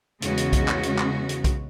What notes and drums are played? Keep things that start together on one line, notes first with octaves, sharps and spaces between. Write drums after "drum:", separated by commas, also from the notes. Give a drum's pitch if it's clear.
E2 C#3 G#3 C#4 F#4, drum: hi-hat
drum: hi-hat
drum: kick B1, hi-hat
drum: clap
drum: hi-hat
drum: clap
drum: hi-hat
drum: kick B1, hi-hat